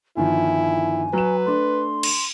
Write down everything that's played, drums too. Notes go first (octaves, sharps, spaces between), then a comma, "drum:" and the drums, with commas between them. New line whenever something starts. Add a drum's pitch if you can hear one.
G1 D#3 F3 E4 G#5
F#3 B4 E7
A3 D4 C6
drum: cymbal